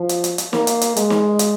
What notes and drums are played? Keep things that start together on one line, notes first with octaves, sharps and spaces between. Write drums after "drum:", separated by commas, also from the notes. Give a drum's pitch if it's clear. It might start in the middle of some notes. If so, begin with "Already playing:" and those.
Already playing: F3
drum: hi-hat
drum: hi-hat
drum: hi-hat
A#3, drum: snare
drum: hi-hat
drum: hi-hat
G#3, drum: hi-hat
drum: snare
drum: hi-hat